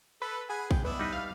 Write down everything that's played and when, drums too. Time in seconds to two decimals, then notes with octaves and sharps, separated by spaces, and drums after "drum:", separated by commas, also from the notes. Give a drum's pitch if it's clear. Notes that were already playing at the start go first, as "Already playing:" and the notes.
0.22 A4 B4
0.49 G#4 F#5 G#5 B5
0.71 G5, drum: kick A#1
0.85 B3 D4 E4 D#5
0.99 G3 D#4 B4
1.12 F5